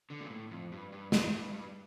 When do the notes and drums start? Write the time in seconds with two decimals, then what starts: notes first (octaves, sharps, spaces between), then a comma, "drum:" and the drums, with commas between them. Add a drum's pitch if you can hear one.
0.10 D3
0.20 A#2
0.30 A2
0.51 F2
0.72 G2
0.92 G2
1.12 G2, drum: snare
1.34 G2
1.54 G2